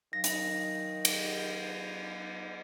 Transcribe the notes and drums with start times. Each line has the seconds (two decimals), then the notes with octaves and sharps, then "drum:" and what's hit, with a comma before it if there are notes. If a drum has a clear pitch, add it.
0.13 D#3 F#3 D#4 F5 A#6
0.24 drum: hi-hat
1.05 drum: cymbal